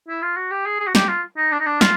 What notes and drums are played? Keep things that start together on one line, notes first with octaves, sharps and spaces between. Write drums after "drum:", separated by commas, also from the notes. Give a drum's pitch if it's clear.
E4
F4
F#4
G4
G#4
G#4
F#4
G4, drum: snare
F4
D#4
D4
D#4
D4
F4, drum: snare